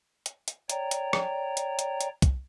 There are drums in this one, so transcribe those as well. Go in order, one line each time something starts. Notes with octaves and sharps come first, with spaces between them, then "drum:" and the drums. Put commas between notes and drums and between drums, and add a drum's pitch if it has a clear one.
drum: hi-hat
drum: hi-hat
C#5 D5 G5 A#5, drum: hi-hat
drum: hi-hat
drum: rim click
drum: hi-hat
drum: hi-hat
drum: hi-hat
drum: kick, hi-hat